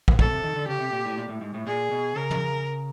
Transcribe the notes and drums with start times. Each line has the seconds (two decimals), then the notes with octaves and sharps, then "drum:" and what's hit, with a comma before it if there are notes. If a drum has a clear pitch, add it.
0.08 drum: kick
0.19 B2 A4, drum: kick
0.30 C3
0.44 D#3
0.56 D3
0.68 C#3 G4
0.80 C3
0.92 A#2
1.06 A2
1.17 A#2
1.29 A2
1.41 G#2
1.54 A2
1.67 A#2 G#4
1.91 B2
2.16 C#3 A#4
2.30 drum: tom